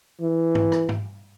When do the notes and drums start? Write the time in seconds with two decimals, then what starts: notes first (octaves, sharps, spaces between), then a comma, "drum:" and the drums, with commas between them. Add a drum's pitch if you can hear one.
0.21 E3
0.55 drum: tom G#2
0.72 drum: rim click
0.89 drum: tom G#2